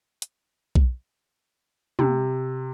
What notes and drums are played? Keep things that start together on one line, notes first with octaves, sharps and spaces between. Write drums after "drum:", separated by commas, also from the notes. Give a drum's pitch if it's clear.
drum: hi-hat
drum: kick B1
C3, drum: tom